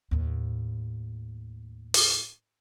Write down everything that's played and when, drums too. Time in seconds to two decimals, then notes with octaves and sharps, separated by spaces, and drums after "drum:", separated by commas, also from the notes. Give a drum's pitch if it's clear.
0.11 D#2 A2
1.94 drum: open hi-hat